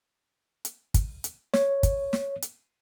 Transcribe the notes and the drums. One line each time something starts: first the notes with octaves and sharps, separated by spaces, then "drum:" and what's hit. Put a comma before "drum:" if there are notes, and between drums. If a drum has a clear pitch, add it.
drum: hi-hat
drum: kick, hi-hat
drum: hi-hat
C#5, drum: snare
drum: kick, hi-hat
drum: snare
drum: hi-hat